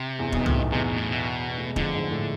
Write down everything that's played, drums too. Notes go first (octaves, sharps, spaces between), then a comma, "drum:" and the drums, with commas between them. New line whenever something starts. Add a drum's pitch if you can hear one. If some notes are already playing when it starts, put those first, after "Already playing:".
Already playing: C3
E2 E3
B1 B2, drum: kick
A2, drum: tom C2
B1 B2
E2 C3 E3
B2
A2
B2
B3
A3
G#3
F2 D3 F3, drum: kick
G#2 G#3
A2 A3